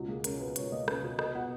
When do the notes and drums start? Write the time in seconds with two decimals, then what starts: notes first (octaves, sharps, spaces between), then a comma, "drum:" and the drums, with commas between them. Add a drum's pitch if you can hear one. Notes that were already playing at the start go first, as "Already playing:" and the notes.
Already playing: C#2 B2 F#4
0.08 A#3 G#4
0.24 C#4 A#4, drum: hi-hat
0.40 B2 B4
0.56 C#2 C#5, drum: hi-hat
0.72 A#3 D#5
0.88 C#4 B4, drum: rim click
1.03 B2 B4
1.19 B2 D#5, drum: rim click
1.35 B3 F#5